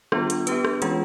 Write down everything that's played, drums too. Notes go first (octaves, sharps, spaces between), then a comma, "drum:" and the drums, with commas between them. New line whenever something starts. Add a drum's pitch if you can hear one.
D#3 G3 B3 D4 F4, drum: rim click
drum: hi-hat
B3 D4 G4 B4, drum: hi-hat
drum: rim click
E3 G#3 C#4 F4 G#4, drum: hi-hat